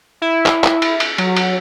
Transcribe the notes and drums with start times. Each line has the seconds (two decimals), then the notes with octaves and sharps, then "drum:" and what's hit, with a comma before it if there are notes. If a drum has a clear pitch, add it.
0.22 E4
0.46 drum: clap
0.64 drum: clap
0.82 drum: cymbal
1.00 drum: cymbal
1.18 F#3, drum: cymbal
1.36 drum: cymbal